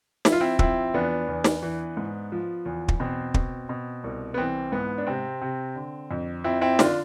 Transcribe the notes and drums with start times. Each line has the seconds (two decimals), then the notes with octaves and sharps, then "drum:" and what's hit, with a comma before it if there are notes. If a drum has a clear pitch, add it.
0.25 F3 E4, drum: snare
0.32 F4
0.41 C4 E4
0.59 F3 C4 E4, drum: kick
0.94 E2 B3 D4
1.28 E2
1.44 drum: snare
1.62 E3
1.97 G#2
2.32 F3
2.65 E2
2.88 drum: kick
3.00 B2 C4
3.34 B2, drum: kick
3.69 B2
4.04 C2
4.34 B3
4.38 E3 C4
4.72 G#2 B3
4.98 D4
5.07 C3 C4
5.41 C3
5.76 D3
6.11 F2
6.44 F3 C4 E4
6.61 C4 E4
6.79 D3 D4 F4, drum: snare